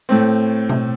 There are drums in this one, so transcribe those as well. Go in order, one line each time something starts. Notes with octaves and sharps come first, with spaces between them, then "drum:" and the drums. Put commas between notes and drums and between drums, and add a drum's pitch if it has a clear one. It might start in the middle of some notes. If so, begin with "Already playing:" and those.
A2 A3 C4
drum: tom B2